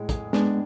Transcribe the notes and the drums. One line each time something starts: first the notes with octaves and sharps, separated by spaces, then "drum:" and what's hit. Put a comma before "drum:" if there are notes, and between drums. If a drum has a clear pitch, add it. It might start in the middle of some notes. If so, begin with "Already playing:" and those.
Already playing: A2 G#3
G#4, drum: kick, hi-hat
G#3 B3 D4, drum: snare